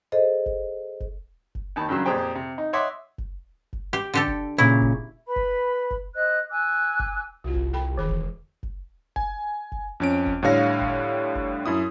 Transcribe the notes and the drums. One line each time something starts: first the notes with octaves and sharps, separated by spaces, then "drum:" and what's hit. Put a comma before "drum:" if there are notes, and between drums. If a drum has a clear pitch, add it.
G#4 A4 C5 D#5
drum: kick F#1
drum: kick F#1
drum: kick F#1
D#2 D#3 A5 B5
G2 C#3 F#3 E6
F2 A#2 G4 G#4 C5 G5
C3
D#4
C#5 D#5 E5 F#5 C6 D6
drum: kick F#1
drum: kick F#1
G4
D3 G4 A4
drum: kick F#1
A#2 C#3 E4
drum: kick F#1
B4 B5
drum: kick F#1
drum: kick F#1
C5 D#5 F#6
G#5 D6 E6 F#6
drum: kick F#1
C2 F4 F#4
drum: kick F#1
A4 G5 B5
E1 D#3 G#4 B5
drum: kick F#1
drum: kick F#1
G#5, drum: kick F#1
drum: kick F#1
F2 C#4 D7
drum: kick F#1
A2 D3 G3 C#5 F5 A#6
drum: kick F#1
drum: kick F#1
F#2 E4 D#6